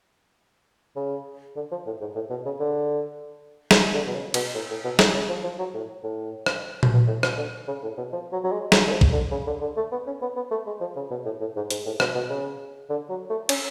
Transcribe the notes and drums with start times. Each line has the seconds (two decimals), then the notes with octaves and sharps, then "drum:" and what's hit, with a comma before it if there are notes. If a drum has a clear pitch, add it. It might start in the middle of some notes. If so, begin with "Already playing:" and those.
0.96 C#3
1.56 D3
1.71 F3
1.86 A2
2.01 G#2
2.15 A2
2.30 B2
2.45 C#3
2.60 D3
3.71 drum: snare
3.94 D3
4.07 B2
4.15 C#3
4.34 B2, drum: cymbal
4.55 A2
4.70 A2
4.84 B2
4.99 A2, drum: snare
5.14 C#3
5.29 F3
5.43 F3
5.59 F#3
5.74 A2
6.03 A2
6.46 drum: rim click
6.83 drum: tom A#2
6.93 B2
7.07 A2
7.23 B2, drum: rim click
7.37 D3
7.68 C#3
7.83 A2
7.98 B2
8.12 F3
8.32 F#3
8.44 F#3
8.52 G#3
8.72 F#3, drum: snare
8.87 D3
8.92 F3
9.01 drum: kick
9.12 D3
9.31 C#3
9.47 D3
9.61 D3
9.77 A3
9.92 B3
10.07 C#4
10.22 B3
10.36 B3
10.51 A3
10.66 G#3
10.81 F3
10.96 C#3
11.11 B2
11.25 A2
11.40 A2
11.56 G#2
11.70 G#2, drum: hi-hat
11.86 A2
12.00 B2, drum: rim click
12.15 B2
12.30 C#3
12.90 D3
13.09 F#3
13.30 A3
13.49 C#4, drum: cymbal